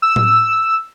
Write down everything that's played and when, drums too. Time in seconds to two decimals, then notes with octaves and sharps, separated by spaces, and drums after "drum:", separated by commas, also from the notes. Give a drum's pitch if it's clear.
0.02 E6
0.16 drum: tom A2